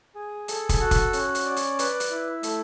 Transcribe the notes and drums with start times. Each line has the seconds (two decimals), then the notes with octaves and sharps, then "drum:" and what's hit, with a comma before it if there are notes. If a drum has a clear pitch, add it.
0.15 G#4
0.48 A4, drum: hi-hat
0.69 drum: kick, hi-hat
0.80 F#4
0.91 drum: kick, hi-hat
1.13 C#4, drum: hi-hat
1.35 drum: hi-hat
1.45 D5
1.56 drum: hi-hat
1.79 B4, drum: hi-hat
2.00 drum: hi-hat
2.10 E4
2.43 A3, drum: hi-hat